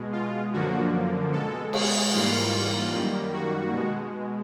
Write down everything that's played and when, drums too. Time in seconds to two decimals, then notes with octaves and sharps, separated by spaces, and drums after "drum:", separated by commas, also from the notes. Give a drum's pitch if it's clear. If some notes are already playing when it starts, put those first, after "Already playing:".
Already playing: B2 G#3
0.13 F4
0.53 F#2 D3 F3 A#3 F#4
1.33 B2 G#3 A4
1.73 G#4, drum: cymbal
2.13 G#2 E3 G3 A#3 F4
2.94 F#2 D#3 G3 A#3
3.34 F#4
3.74 B2 G#3